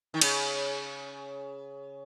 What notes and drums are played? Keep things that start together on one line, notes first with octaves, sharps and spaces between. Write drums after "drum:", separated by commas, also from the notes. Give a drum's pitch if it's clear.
D#3
C#3, drum: cymbal